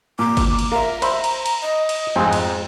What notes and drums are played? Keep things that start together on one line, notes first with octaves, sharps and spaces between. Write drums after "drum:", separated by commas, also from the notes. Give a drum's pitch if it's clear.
A#2 D6
drum: kick G1, cymbal
drum: cymbal
F4 A#4 E5 A#5
C5 E5 B5, drum: cymbal
drum: cymbal
drum: cymbal
D#5
drum: cymbal
F2 G#2 C4 G#4
drum: cymbal